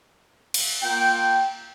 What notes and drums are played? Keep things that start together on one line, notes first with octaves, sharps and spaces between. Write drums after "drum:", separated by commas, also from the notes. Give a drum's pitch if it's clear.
drum: cymbal
A#3 F4 G5